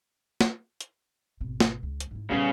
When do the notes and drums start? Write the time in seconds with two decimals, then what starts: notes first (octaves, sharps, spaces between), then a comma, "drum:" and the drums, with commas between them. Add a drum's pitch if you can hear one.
0.41 drum: snare
0.81 drum: hi-hat
1.40 G#1 B2
1.60 drum: snare
1.83 C#2
2.00 drum: hi-hat
2.11 G#2 E4
2.31 A#2 C#3 E3 G3 B3 C#4